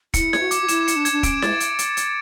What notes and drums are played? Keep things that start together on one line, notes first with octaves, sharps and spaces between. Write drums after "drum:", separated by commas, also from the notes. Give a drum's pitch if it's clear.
E4 C#7, drum: kick, hi-hat
G#6, drum: snare E4
F#4
D6, drum: hi-hat
F#4
E4 E7, drum: hi-hat
C#7, drum: hi-hat
D4
G#6, drum: hi-hat
D4
C#4 D7, drum: kick, hi-hat
G#3 A6, drum: snare E4
drum: hi-hat
drum: hi-hat
drum: hi-hat